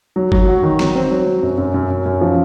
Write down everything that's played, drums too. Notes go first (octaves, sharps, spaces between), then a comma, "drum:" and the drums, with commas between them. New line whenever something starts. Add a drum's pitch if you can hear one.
F#3
F#3, drum: kick G1
F#4
D#3
F#3, drum: snare
C4
F#3
F#3
F#2
F#2
F#2
F#2
F#2
F3